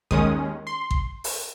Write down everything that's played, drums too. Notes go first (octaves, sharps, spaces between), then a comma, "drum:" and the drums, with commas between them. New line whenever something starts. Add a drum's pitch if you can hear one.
D#2 D#3 G#3 C#4 D#6, drum: kick G#1
C6
drum: kick G#1
drum: open hi-hat